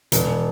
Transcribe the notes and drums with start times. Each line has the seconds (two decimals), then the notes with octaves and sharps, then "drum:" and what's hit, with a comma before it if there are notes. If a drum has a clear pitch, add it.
0.12 E1, drum: hi-hat